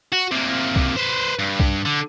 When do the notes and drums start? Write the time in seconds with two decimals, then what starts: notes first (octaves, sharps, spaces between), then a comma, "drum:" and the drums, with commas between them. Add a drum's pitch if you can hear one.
0.13 F#4
0.32 C3 A#3
0.76 drum: kick C2
0.97 B4 C5
1.39 G2
1.60 drum: kick C2
1.86 D3